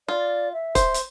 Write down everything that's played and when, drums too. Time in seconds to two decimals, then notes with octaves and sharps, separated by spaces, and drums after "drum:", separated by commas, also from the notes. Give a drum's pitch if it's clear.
0.08 F4 D5
0.53 E5
0.75 C5, drum: kick, hi-hat
0.94 drum: hi-hat